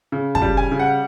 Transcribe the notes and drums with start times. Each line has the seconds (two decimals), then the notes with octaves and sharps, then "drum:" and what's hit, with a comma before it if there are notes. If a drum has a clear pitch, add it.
0.12 C#3
0.35 A5, drum: kick
0.42 G3
0.57 G#5
0.71 C#3
0.79 F#5